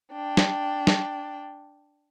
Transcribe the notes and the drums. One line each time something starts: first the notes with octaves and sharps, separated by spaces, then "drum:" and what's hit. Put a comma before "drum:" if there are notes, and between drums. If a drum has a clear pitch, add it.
D4 G5
drum: snare
drum: snare